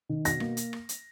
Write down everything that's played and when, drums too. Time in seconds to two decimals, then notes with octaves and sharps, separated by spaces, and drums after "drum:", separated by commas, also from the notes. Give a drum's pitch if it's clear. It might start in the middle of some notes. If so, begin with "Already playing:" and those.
0.09 D#3
0.25 B2 A#6, drum: hi-hat
0.40 A#3, drum: rim click
0.57 drum: hi-hat
0.73 drum: rim click
0.89 drum: hi-hat